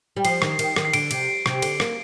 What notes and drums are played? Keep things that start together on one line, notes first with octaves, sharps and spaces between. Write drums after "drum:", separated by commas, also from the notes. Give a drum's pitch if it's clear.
G3
F3 C7, drum: cymbal
D#3, drum: rim click
D#3, drum: cymbal
D#3, drum: rim click
C7
D3 D7, drum: cymbal
C3, drum: cymbal
C3, drum: rim click
D3, drum: cymbal
A#3, drum: rim click